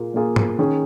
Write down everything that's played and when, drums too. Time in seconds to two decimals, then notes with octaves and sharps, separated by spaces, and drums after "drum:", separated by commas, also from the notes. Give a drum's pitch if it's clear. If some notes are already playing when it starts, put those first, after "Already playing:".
Already playing: A#2 A#3 F4 G#4
0.14 A#2 A#3 F4 G#4
0.36 drum: tom G#2
0.59 D#3 C#4 G#4